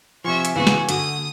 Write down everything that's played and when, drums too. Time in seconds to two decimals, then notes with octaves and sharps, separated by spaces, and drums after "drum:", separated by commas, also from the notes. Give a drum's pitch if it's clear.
0.25 C3 F3 C#5 D5 E5 G#5 C#6
0.45 drum: hi-hat
0.56 C#3 E3 B3 F#4
0.67 drum: snare
0.89 D3 A3 F#4 D#6, drum: hi-hat